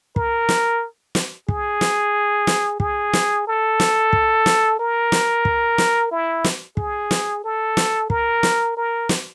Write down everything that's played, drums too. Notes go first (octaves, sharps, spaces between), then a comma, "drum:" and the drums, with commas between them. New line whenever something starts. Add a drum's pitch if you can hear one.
A#4, drum: kick
drum: snare
drum: snare
G#4, drum: kick
drum: snare
drum: snare
G#4, drum: kick
drum: snare
A4
drum: snare
drum: kick
drum: snare
A#4
drum: snare
drum: kick
drum: snare
E4
drum: snare
G#4, drum: kick
drum: snare
A4
drum: snare
A#4, drum: kick
drum: snare
A#4
drum: snare